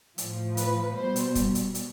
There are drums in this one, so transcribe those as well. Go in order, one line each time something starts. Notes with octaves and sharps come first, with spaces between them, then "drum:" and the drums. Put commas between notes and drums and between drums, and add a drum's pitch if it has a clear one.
A2 F3, drum: hi-hat
B4, drum: hi-hat
B2 G3 C5
drum: hi-hat
drum: kick, hi-hat
drum: hi-hat
drum: hi-hat